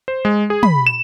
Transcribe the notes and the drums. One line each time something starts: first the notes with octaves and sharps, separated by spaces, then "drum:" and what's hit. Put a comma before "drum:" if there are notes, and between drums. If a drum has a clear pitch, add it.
C5
G#3
G#4
B5, drum: tom
E7